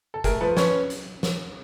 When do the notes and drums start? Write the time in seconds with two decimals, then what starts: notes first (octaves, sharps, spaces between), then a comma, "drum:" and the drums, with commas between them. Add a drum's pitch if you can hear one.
0.14 A4
0.24 A3 G#4 A#4, drum: kick, hi-hat
0.41 F3 A4 B4
0.57 C#4 B4 C#5, drum: snare
0.90 drum: hi-hat
1.23 drum: snare